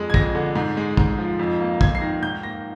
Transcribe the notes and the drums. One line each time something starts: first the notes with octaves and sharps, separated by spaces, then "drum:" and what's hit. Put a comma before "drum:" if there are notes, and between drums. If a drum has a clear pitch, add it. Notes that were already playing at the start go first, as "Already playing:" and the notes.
Already playing: F2 G#3
G#6
F2 A#6, drum: kick
D3
G#2
G#3
G#2, drum: kick
F3
F2
A#3
F2 G#6, drum: kick
C7
D#3 A#6
G#2 G6
A#3 A#6